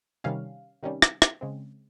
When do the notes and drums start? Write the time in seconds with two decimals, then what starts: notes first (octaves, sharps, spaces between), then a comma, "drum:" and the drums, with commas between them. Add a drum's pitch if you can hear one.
0.24 C3 D#3 G3 C#4 F5
0.83 C3 D#3 G3 C#4
1.02 drum: rim click
1.22 drum: rim click
1.41 C#3 G#3 C4